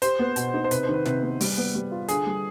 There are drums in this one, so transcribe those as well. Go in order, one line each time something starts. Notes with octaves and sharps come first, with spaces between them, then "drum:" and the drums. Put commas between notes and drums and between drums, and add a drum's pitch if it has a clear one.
G4 C5, drum: hi-hat
B3
B2, drum: hi-hat
D#4
C5
C3 B4, drum: hi-hat
C5
D#3
B4
C3 B4, drum: snare
B3
G3, drum: open hi-hat
B3
G3
F4
D3 G#4, drum: hi-hat
G3